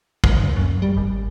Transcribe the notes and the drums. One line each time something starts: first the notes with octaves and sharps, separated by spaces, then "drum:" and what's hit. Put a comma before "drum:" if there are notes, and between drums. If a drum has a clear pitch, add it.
D2, drum: kick
F#2
G3
G#1